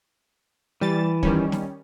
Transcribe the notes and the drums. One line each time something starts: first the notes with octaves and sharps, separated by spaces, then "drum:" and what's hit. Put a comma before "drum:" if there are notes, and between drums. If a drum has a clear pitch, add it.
E3 G3 A6
D#3 G3 C#4, drum: kick
drum: snare